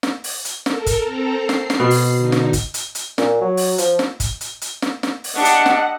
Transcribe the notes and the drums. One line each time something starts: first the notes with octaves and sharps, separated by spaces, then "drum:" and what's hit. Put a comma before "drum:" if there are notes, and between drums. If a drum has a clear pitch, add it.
drum: snare
drum: open hi-hat
drum: hi-hat
A4 A#4, drum: snare
drum: kick, hi-hat
C4 A4 A#5
C7
drum: snare
drum: snare
B2
drum: open hi-hat
D3 D#4
drum: snare
drum: kick, hi-hat
drum: hi-hat
drum: hi-hat
A#2, drum: snare
F#3
drum: open hi-hat
F3, drum: hi-hat
drum: snare
drum: kick, hi-hat
drum: hi-hat
drum: hi-hat
drum: snare
drum: snare
drum: open hi-hat
D4 G4 D#5 E5 F#5
drum: hi-hat
drum: snare